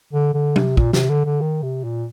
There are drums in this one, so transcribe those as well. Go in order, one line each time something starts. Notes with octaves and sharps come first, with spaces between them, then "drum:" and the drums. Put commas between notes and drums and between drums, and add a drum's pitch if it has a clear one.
D3
D3
C3, drum: tom
A#2, drum: kick
C3, drum: snare
D3
D3
D#3
C3
A#2